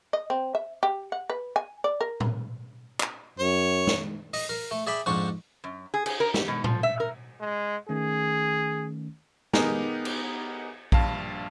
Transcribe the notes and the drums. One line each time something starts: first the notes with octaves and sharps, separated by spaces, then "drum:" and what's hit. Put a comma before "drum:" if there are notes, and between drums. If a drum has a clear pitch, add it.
D#5
C4
E5
G4
F#5
B4
G#5
D5
A#4
drum: tom A2
drum: clap
F#2 C#5
drum: snare
D#5, drum: open hi-hat
A#4
A3
G#4 D5 E5 G5 B5
F2 G#2 D4 C5 C#6
F#2
G#4
G#4, drum: cymbal
A#4
G4, drum: snare
B2
F3, drum: tom A2
E5
A#4
G#3
D#3 A3 C#4 G#4
B3 D#4 G4 G#4 A#4, drum: snare
drum: cymbal
A#1 G2 F5 A5, drum: kick A#1